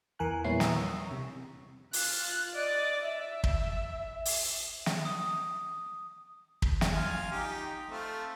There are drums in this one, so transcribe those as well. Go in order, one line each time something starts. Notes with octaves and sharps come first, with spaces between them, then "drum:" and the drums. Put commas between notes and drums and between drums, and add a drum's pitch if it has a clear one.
E2 E3 A#4 G#5 F#6
A#2 G3 B3 E4 C#5 C7
A#5 D#6 E6, drum: snare
C#6
C3
F4 F#6, drum: open hi-hat
D5 D#5
E5
drum: kick
drum: open hi-hat
drum: snare
D#6
drum: kick
drum: snare
F4 F5 G#5
D#4 G4
A3 C4 F4